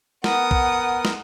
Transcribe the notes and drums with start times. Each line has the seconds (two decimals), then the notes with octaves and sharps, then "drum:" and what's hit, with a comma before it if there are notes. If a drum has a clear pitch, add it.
0.24 B3 A#4 F#5 D#6, drum: snare
0.51 drum: kick
1.05 drum: snare